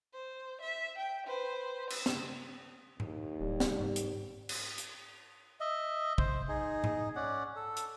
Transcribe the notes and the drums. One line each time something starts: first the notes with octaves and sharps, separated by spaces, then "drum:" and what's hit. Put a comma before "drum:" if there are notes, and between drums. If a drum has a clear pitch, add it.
C5
E5
G5
B4 C5
E6, drum: cymbal
drum: snare
D#2, drum: tom G#2
D1 G3
drum: snare
G#2
drum: hi-hat
drum: cymbal
drum: hi-hat
D#5 E5
C5, drum: kick
D#4 G#4
drum: tom G#2
C#4 D5 F#5
A4
drum: hi-hat